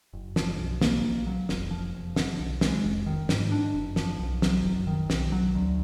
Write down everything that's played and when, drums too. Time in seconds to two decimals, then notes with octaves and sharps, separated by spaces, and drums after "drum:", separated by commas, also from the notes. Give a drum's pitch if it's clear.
0.13 F#1
0.36 F3, drum: snare
0.59 B1
0.81 A#3, drum: snare
1.03 A#1
1.27 F#3
1.49 F1, drum: snare
1.71 F3
1.94 F1
2.16 D3, drum: snare
2.40 B1
2.61 G#3, drum: snare
2.84 F1
3.06 D#3
3.29 G#2, drum: snare
3.52 D4
3.74 F#1
3.96 F3, drum: snare
4.19 B1
4.42 F#3, drum: snare
4.64 F#1
4.87 D#3
5.10 B1, drum: snare
5.32 F#3
5.55 D2